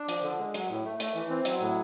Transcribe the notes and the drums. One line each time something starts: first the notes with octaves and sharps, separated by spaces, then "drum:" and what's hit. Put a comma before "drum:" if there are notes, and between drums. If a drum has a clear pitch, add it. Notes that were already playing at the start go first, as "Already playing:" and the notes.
Already playing: D4
F3, drum: hi-hat
D3
G#3
F#3, drum: hi-hat
A2
A3
A3, drum: hi-hat
E3
C4
F#3, drum: hi-hat
A2